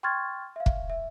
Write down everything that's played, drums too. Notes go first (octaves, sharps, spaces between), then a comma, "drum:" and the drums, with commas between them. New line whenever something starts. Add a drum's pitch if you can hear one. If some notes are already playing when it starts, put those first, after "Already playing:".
G5 C6 C#6 F6 G#6 A6
E5 F5
drum: kick
E5